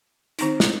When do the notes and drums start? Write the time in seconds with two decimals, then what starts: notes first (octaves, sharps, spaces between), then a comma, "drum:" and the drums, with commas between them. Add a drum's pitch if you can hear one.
0.39 D#3 C4 D#4, drum: hi-hat
0.60 drum: snare